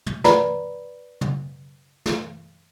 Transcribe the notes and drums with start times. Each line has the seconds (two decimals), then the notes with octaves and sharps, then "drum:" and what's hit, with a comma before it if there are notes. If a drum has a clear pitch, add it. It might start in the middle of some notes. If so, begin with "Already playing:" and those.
0.06 drum: tom
0.24 B4 D5 A#5 B5, drum: snare
1.21 drum: tom
2.06 drum: snare